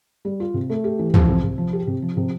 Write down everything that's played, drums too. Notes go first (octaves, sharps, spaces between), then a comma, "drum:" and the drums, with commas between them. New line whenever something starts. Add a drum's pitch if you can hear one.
G3
F4
C3
A3
G4
E3
F3, drum: tom
C3
C3
F3
G4
C3
F3
C3